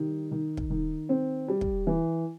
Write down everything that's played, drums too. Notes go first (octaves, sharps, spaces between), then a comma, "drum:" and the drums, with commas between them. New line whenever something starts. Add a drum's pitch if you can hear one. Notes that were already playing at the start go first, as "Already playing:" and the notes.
Already playing: D#3 G3
D#3
drum: kick
D#3
C4
G3
drum: kick
E3